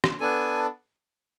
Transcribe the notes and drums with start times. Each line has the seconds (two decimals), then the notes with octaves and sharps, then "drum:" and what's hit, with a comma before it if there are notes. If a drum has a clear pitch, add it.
0.04 drum: rim click
0.20 B3 D4 A4 G#5